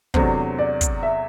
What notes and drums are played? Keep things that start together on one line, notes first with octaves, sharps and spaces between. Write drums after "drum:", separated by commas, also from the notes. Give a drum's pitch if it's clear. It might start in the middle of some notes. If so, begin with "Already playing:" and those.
E2 C3 F#3 A3 D4 C5, drum: kick
D5
drum: kick, hi-hat
E5